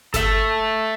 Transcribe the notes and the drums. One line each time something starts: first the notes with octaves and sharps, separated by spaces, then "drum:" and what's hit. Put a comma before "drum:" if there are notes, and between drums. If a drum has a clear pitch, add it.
A4 E5, drum: snare G1